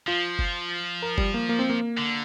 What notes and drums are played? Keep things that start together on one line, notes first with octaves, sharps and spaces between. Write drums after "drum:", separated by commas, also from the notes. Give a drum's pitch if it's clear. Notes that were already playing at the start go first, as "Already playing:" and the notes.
F3 F4
drum: kick F#1
A#4
G3, drum: kick F#1
A#3
A#3
C4
A#3
D3